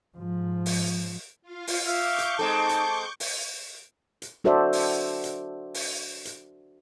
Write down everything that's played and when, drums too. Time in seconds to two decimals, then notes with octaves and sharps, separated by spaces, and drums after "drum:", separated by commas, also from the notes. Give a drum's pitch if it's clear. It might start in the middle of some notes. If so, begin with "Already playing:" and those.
0.17 G#2 F3
0.66 drum: open hi-hat
1.42 F4 F5
1.67 drum: open hi-hat
1.86 E5 F5 C#6 D6 G6
2.18 drum: hi-hat
2.39 G#3 C4 D#4 A4 A5
2.69 drum: hi-hat
3.20 drum: open hi-hat
4.22 drum: hi-hat
4.44 D4 F#4 A4 C5 D5 E5
4.73 drum: open hi-hat
5.24 drum: hi-hat
5.74 drum: open hi-hat
6.25 drum: hi-hat